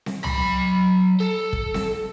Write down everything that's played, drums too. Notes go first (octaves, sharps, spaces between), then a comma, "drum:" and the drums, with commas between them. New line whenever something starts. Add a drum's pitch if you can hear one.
drum: snare C4
F#3 B5, drum: tom
A4
drum: kick
drum: snare C4